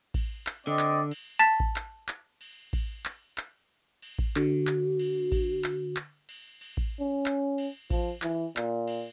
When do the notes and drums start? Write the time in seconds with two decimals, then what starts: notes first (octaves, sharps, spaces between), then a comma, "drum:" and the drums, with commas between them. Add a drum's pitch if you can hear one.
0.14 drum: kick A1, cymbal
0.47 drum: clap
0.67 D3 C4 D5 D#5
0.79 drum: clap
1.11 drum: cymbal
1.39 A5 A6 B6
1.60 drum: kick A1
1.76 drum: clap
2.08 drum: clap
2.41 drum: cymbal
2.73 drum: kick A1, cymbal
3.05 drum: clap
3.38 drum: clap
4.02 drum: cymbal
4.19 drum: kick A1
4.36 D3 F#4, drum: clap
4.67 drum: clap
4.99 drum: cymbal
5.32 drum: kick A1, cymbal
5.64 drum: clap
5.96 drum: clap
6.29 drum: cymbal
6.61 drum: cymbal
6.77 drum: kick A1
7.00 C#4
7.26 drum: clap
7.58 drum: cymbal
7.90 F3, drum: kick A1, cymbal
8.22 E3, drum: clap
8.57 A#2, drum: clap
8.88 drum: cymbal